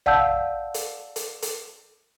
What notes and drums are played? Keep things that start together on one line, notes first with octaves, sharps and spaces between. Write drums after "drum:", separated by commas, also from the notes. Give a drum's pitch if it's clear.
D5 F5 F#5 A5 E6 G6, drum: tom A#1
drum: hi-hat
drum: hi-hat
drum: hi-hat